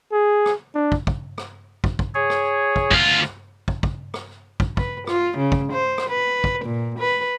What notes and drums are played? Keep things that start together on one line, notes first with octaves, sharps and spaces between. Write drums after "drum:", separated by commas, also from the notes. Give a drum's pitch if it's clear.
G#4
drum: rim click
D4
drum: kick
drum: kick
drum: rim click
drum: kick
drum: kick
G#4 C#5
drum: rim click
drum: kick
D2 F4, drum: kick
drum: rim click
drum: kick
drum: kick
drum: rim click
drum: kick
B4, drum: kick
F4, drum: rim click
C#3
drum: kick
C5
drum: rim click
B4
drum: kick
A#2
B4